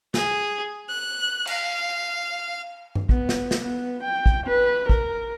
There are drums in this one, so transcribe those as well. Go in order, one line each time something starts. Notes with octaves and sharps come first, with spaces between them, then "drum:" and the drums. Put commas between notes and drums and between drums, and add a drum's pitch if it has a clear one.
G#4, drum: snare
F#6
F5, drum: cymbal
drum: tom G2
B3, drum: kick
drum: snare
drum: snare
B3
G5
drum: kick
B4
A#4, drum: kick